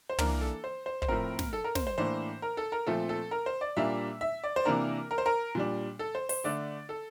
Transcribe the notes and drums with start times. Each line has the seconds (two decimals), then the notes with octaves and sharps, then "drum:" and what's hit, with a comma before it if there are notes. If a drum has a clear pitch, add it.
0.09 C5
0.18 E3 A#3 D4 A#4, drum: tom
0.41 A4
0.64 C5
0.86 C5
1.02 C5, drum: kick
1.08 A2 F3 C4 A#4
1.39 drum: snare
1.53 A4
1.64 A#4
1.75 C5, drum: snare
1.87 C5
1.98 A2 E3 A#3 D4 C5
2.42 A#4
2.57 A4
2.72 A#4
2.87 A#2 F3 A3 C4 A4
3.09 A4
3.31 A#4
3.46 C5
3.61 D5
3.77 A#2 G3 A#3 D4 E5
4.21 E5
4.44 D5
4.56 C5
4.65 C3 E3 A#3 D4 A#4
5.11 A#4
5.18 C5
5.26 A#4
5.55 A#2 G3 D4
5.99 A4
6.15 C5
6.29 C5, drum: open hi-hat
6.44 D3 A3 D4 D5
6.89 A4